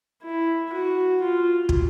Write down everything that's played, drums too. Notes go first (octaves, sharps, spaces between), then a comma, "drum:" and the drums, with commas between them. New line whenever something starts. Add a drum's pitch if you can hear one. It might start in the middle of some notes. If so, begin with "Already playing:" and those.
E4
F#4
F4
drum: kick